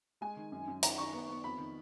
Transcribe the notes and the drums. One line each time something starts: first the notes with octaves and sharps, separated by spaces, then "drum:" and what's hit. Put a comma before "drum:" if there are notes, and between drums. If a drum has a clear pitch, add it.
G#3 G#5
D#3
F#2
F#2
D#3 A#5, drum: hi-hat
D#3 C#6
B3
B3
F2 B5
D#3